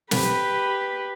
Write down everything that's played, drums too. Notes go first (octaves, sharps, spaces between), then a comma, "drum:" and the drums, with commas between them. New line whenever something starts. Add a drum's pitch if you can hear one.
G4 B4, drum: snare